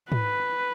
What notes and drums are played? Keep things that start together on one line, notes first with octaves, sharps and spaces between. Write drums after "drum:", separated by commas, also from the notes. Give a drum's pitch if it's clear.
B4, drum: tom G#2